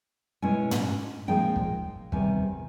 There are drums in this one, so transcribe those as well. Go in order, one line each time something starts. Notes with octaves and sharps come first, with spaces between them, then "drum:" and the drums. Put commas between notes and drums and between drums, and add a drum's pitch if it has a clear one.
B2 G#3 C#4 E4 G#5
drum: tom
A#2 F3 G#3 C4 D#4 G5
drum: kick
E2 C3 D#3 G3 G#5, drum: kick